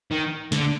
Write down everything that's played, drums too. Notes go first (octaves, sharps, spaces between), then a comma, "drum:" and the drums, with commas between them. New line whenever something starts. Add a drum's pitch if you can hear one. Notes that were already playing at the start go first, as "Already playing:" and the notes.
D#3
D3, drum: snare